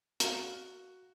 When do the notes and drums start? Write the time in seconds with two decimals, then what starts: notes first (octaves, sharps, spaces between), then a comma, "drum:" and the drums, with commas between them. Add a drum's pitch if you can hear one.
0.20 F#4 A#4 F5, drum: hi-hat